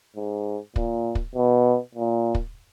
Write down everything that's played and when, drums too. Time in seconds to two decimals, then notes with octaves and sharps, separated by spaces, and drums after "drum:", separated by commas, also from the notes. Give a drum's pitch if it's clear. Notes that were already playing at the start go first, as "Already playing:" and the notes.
0.16 G#2
0.76 A#2, drum: kick
1.15 drum: kick
1.35 B2
1.95 A#2
2.35 drum: kick